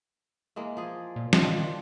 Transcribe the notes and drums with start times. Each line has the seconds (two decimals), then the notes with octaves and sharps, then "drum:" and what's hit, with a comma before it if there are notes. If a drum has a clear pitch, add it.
0.56 E3 G#3 A#3
0.77 F3 G#4
1.16 A#2
1.33 D#3 F3 C4 D4, drum: snare